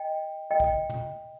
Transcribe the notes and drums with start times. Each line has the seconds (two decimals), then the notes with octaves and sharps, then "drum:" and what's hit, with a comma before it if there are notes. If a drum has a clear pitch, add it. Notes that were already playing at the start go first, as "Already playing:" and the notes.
Already playing: D#5 G5
0.51 D#5 G5
0.60 drum: kick
0.90 drum: tom